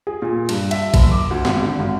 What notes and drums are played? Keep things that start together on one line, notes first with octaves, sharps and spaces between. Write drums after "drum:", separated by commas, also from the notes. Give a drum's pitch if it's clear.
G#4
A#2
G2, drum: cymbal
E5, drum: cymbal
F#1, drum: kick, cymbal
D6
D2
G#1, drum: snare
D3
G#1